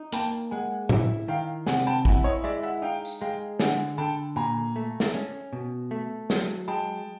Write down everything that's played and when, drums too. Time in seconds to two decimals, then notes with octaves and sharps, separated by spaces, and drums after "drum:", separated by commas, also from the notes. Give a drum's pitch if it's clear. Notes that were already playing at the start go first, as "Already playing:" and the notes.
Already playing: D#4
0.12 A#3 G5 A5, drum: hi-hat
0.51 G#3 F#5 G#5
0.89 E4, drum: tom A2
1.28 D#3 F5 G5
1.67 C3 F#5 G#5, drum: snare
1.87 G5 A5
2.05 E4 F#5 G#5, drum: kick
2.24 C#5 D#5
2.44 G#3 D5 E5
2.63 E5 F#5
2.82 D#4 F5 G5
3.05 drum: tambourine
3.21 G#3 F5 G5
3.60 D3 F#5 G#5, drum: snare
3.98 D3 G5 A5
4.36 A#2 G#5 A#5
4.76 A3
5.00 drum: snare
5.14 C#4
5.53 B2
5.91 A3
6.30 F#3, drum: snare
6.68 G#3 G5 A5